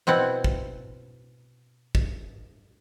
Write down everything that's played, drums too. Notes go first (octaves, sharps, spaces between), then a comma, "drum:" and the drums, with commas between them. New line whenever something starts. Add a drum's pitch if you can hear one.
B2 C4 E4 F#5
drum: kick
drum: kick